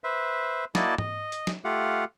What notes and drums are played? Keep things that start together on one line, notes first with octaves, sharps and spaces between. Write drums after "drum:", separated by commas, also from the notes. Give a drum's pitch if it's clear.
B4 C5 E5
A#3 E4 F#4 D5 D#5 A5, drum: snare
D#5, drum: tom G#2
drum: hi-hat
drum: snare
A3 F4 G4 F5 F#5